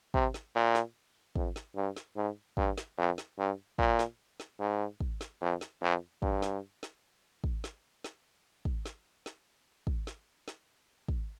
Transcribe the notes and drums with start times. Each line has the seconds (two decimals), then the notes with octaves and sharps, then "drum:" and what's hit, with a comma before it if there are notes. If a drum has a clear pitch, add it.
0.14 C3, drum: kick
0.34 drum: snare
0.55 A#2
0.75 drum: snare
1.36 F2, drum: kick
1.56 drum: snare
1.76 G2
1.96 drum: snare
2.17 G#2
2.57 G2, drum: kick
2.78 drum: snare
2.98 F2
3.18 drum: snare
3.39 G2
3.78 A#2, drum: kick
3.99 drum: snare
4.40 drum: snare
4.60 G#2
5.00 drum: kick
5.21 drum: snare
5.41 F2
5.61 drum: snare
5.82 F2
6.22 G2, drum: kick
6.42 drum: snare
6.83 drum: snare
7.44 drum: kick
7.64 drum: snare
8.04 drum: snare
8.65 drum: kick
8.86 drum: snare
9.26 drum: snare
9.87 drum: kick
10.07 drum: snare
10.48 drum: snare
11.08 drum: kick